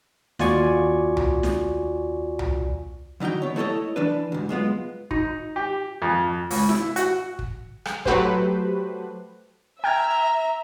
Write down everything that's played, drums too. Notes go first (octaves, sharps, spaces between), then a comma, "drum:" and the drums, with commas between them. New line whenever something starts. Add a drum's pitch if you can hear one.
D#2 F4 F#4 D5 G#5 C#6, drum: snare
drum: tom C2
drum: snare
drum: tom C2
D3 E3 D#4 F#4 G5
B3 C#5
A3 E4 A4 C#5 D#5
E3 D4 B4
D2 G#2
F#2 G#3 B3 F4
D#4, drum: kick
G4
F2
C#2, drum: open hi-hat
E4, drum: snare
F#4, drum: hi-hat
drum: kick
drum: rim click
F#3 A3 F#4 G4 B4 C5, drum: kick
E5 G5 A#5 F6 G#6